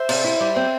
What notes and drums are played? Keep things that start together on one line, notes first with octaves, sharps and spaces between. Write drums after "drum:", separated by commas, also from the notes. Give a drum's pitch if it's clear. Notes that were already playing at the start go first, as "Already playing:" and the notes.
Already playing: C5 E5
C3, drum: cymbal
E4
G3
C4